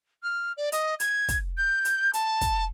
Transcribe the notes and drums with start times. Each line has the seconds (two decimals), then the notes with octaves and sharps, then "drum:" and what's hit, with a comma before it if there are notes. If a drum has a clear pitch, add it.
0.23 F6
0.57 D5
0.72 D#5, drum: hi-hat
1.00 G#6, drum: hi-hat
1.28 drum: kick, hi-hat
1.57 G6
1.85 drum: hi-hat
2.13 A5, drum: hi-hat
2.41 drum: kick, hi-hat